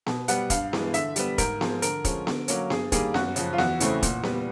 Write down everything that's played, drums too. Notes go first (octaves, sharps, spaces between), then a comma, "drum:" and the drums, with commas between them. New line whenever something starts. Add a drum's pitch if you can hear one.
B2, drum: snare B3
G3 B3 F#5, drum: hi-hat
G2 F5, drum: kick, hi-hat
E3 G#3 B3, drum: snare B3
D3 E5, drum: hi-hat
G3 B3, drum: hi-hat
G#2 A#4, drum: kick, hi-hat
F3 G#3 C4, drum: snare B3
D3 A#4, drum: hi-hat
F3 G#3 C#4, drum: kick, hi-hat
D3, drum: snare B3
F#3 A#3 C#4, drum: hi-hat
G2 G#4, drum: snare B3
D#3 G3 A#3 G#4, drum: kick, hi-hat
F#2 F#4, drum: snare B3
C#3 F3, drum: hi-hat
F4
E2 F#4, drum: snare B3
C#3 E3 A3 C4, drum: hi-hat
A#2, drum: kick, hi-hat
G3 B3, drum: snare B3